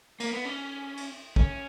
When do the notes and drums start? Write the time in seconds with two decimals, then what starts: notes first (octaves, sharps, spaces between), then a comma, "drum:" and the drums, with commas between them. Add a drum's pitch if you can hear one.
0.20 A#3, drum: cymbal
0.33 B3
0.45 C#4
0.97 drum: cymbal
1.36 C#4, drum: kick